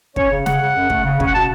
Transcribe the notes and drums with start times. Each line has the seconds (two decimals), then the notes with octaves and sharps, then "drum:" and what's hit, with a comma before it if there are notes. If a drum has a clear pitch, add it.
0.16 C#4 C#5, drum: kick
0.31 C#3
0.46 C#3 F#5, drum: snare
0.61 C#3
0.76 F#2
0.90 A3, drum: kick
1.05 C#3
1.20 C#4, drum: kick
1.27 F#5
1.34 B2 A5